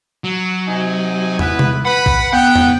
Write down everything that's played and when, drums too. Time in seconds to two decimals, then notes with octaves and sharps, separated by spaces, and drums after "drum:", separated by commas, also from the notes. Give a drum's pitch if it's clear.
0.24 F#3
0.68 C3 D#4 G#5
1.39 B3 E4 B4, drum: tom
1.59 drum: tom C3
1.85 B4 F#5 B5
2.06 drum: kick
2.33 B3 F#5 G5
2.56 drum: tom